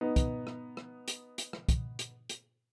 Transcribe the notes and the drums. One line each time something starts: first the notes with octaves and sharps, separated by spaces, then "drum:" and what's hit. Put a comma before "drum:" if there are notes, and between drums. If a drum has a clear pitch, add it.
B3 D#4
drum: kick, hi-hat
drum: rim click
drum: rim click
drum: hi-hat
drum: hi-hat
drum: rim click
drum: kick, hi-hat
drum: hi-hat
drum: hi-hat